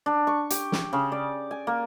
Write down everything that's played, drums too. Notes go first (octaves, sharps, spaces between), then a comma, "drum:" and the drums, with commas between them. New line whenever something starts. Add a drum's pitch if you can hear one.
D4
C#6
G4, drum: hi-hat
drum: snare
C#3
D5
G#5
A#3